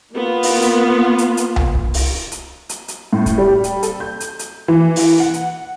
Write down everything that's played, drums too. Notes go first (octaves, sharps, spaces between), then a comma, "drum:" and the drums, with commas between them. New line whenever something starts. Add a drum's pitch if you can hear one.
A#3 B3 F4
drum: open hi-hat
drum: hi-hat
drum: hi-hat
drum: hi-hat
drum: tom C2
drum: kick
drum: open hi-hat
drum: hi-hat
drum: hi-hat
drum: hi-hat
A2
drum: kick, hi-hat
G3
drum: hi-hat
A4, drum: hi-hat
G6
drum: hi-hat
drum: hi-hat
E3
drum: open hi-hat
F#5
drum: hi-hat